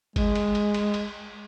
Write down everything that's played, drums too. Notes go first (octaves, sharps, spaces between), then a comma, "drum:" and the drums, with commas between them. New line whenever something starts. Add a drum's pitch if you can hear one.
G#3, drum: kick G1, cymbal
drum: cymbal
drum: cymbal
drum: cymbal
drum: cymbal